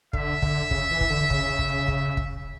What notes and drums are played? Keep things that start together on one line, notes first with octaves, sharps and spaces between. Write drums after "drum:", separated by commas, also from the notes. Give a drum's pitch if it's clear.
D3 E5, drum: kick
D3, drum: kick
C#3, drum: kick
E3
drum: kick
D3
C#3, drum: kick
drum: kick
drum: kick
drum: kick